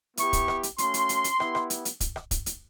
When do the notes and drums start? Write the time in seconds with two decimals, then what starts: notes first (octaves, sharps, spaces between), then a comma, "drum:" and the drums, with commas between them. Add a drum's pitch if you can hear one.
0.17 B3 E4 G4 C#6, drum: hi-hat
0.33 drum: kick, hi-hat
0.48 drum: rim click
0.63 drum: hi-hat
0.78 A3 C#4 F#4 C6, drum: hi-hat
0.94 drum: hi-hat
1.09 drum: hi-hat
1.24 drum: hi-hat
1.40 B3 E4 G4, drum: rim click
1.55 drum: rim click
1.70 drum: hi-hat
1.85 drum: hi-hat
2.00 drum: kick, hi-hat
2.16 drum: rim click
2.31 drum: kick, hi-hat
2.46 drum: hi-hat